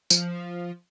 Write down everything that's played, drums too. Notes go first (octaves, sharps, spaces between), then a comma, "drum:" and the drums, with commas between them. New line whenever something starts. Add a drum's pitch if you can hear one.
F3, drum: tambourine